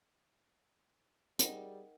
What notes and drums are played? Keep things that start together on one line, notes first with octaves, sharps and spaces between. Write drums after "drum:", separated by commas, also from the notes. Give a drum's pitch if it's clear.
G3 D#4 G#4 A#4 F#5 G5, drum: hi-hat